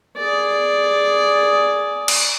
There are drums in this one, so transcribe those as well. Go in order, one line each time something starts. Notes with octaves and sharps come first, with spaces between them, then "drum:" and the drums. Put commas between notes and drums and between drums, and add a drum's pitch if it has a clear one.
G#4 D5
drum: cymbal